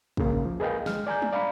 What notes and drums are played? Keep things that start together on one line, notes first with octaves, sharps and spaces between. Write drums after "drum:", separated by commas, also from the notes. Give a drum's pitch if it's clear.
E2 G#2 C#3 A#3, drum: kick
F3
G#4 A#4 B4 D#5 F5 G5
G#3 F6, drum: snare
D5 G#5 A#5 G6
drum: tom G3
D5 F5 A#5 B5